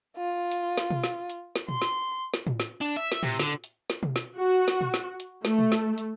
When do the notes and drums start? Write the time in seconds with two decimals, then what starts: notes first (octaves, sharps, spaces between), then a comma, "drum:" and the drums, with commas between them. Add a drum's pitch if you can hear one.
0.17 F4
0.52 drum: hi-hat
0.78 drum: snare
0.91 drum: tom B2
1.04 drum: snare
1.30 drum: hi-hat
1.56 drum: snare
1.69 C6, drum: tom A#2
1.82 drum: snare
2.34 drum: snare
2.47 drum: tom A2
2.60 drum: snare
2.81 D4
2.96 E5
3.12 drum: snare
3.23 C3, drum: tom A2
3.40 D3, drum: snare
3.64 drum: hi-hat
3.90 drum: snare
4.03 drum: tom B2
4.16 drum: snare
4.38 F#4
4.68 drum: snare
4.81 drum: tom A#2
4.94 drum: snare
5.20 drum: hi-hat
5.45 A3, drum: snare
5.59 drum: tom A#2
5.72 drum: snare
5.98 drum: hi-hat